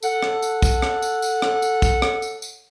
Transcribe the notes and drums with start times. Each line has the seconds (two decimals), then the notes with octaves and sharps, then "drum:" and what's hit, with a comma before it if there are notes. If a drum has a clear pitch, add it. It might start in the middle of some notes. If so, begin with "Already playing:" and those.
0.03 A4 F#5, drum: tambourine
0.23 drum: rim click
0.42 drum: tambourine
0.62 drum: kick, tambourine
0.82 drum: rim click
1.02 drum: tambourine
1.22 drum: tambourine
1.42 drum: rim click
1.62 drum: tambourine
1.82 drum: kick, tambourine
2.02 drum: rim click
2.22 drum: tambourine
2.42 drum: tambourine